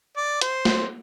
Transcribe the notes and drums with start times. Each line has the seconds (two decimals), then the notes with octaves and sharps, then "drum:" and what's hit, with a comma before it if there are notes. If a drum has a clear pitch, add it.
0.17 D5
0.41 C5, drum: hi-hat
0.65 drum: snare